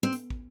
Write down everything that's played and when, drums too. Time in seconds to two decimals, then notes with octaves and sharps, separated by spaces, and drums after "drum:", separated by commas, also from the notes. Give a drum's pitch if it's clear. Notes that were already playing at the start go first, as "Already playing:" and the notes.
0.03 C4
0.13 drum: hi-hat
0.30 drum: kick